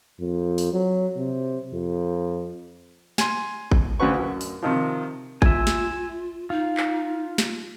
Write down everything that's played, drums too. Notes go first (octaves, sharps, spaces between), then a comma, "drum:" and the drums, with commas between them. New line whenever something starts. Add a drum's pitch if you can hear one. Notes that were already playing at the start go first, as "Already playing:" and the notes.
F2
drum: open hi-hat
F#3
C3
F2
G#5 C6, drum: snare
drum: kick G#1
D2 C#3 F#4 B4 C#6
F#2
drum: open hi-hat
C3 D#3 F3
F4 E5 G#5, drum: kick G#1
drum: snare
D#4 F4
drum: clap
drum: snare